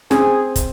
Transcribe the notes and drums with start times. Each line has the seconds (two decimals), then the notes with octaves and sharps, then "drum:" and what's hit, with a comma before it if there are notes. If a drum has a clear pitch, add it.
0.11 C4 G#4, drum: snare
0.56 drum: kick, hi-hat